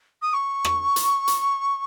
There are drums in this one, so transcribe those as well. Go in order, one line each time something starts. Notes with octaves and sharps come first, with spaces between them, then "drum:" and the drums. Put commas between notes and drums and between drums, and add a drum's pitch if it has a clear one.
D#6
C#6
drum: rim click
drum: hi-hat
drum: hi-hat